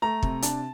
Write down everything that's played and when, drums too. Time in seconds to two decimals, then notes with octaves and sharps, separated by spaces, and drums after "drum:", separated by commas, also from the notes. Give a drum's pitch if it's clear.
0.02 A3 A#5
0.23 C3, drum: kick
0.42 D4 A5, drum: hi-hat